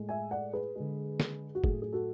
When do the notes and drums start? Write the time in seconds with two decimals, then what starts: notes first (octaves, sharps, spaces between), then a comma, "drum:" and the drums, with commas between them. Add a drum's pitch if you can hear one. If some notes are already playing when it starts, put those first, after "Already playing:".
Already playing: A2 G#3
0.09 E5 G#5
0.31 D5 F#5
0.53 G#4 B4
0.75 D3 G#3
1.20 drum: snare
1.55 F#4
1.64 A2 F#3 A3 G#4, drum: kick F#1
1.82 G#4
1.93 F#4 A4